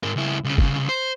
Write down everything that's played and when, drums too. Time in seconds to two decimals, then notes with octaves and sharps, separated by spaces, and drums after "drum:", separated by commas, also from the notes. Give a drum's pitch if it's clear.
0.03 G#2 A#4
0.16 C#2 E4
0.44 C2 C#3
0.58 drum: kick
0.89 C5